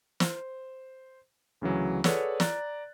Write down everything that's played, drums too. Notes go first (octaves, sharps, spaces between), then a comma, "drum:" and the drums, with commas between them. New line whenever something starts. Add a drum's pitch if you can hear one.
C5, drum: snare
D2 C#3 E3 F#3
G#4 A4 B4 C#5 D5 F#5, drum: snare
D5 A#5 F#6 A6, drum: snare